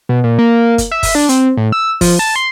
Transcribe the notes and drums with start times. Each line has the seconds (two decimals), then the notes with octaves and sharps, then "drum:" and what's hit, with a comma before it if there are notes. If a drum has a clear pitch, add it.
0.09 B2
0.24 A#2
0.39 A#3
0.78 drum: kick F#1, hi-hat
0.91 E5
1.03 drum: kick F#1, open hi-hat
1.15 D4
1.29 C4, drum: hi-hat
1.57 A2
1.72 E6
2.01 F3, drum: kick F#1, open hi-hat
2.19 A5
2.36 C6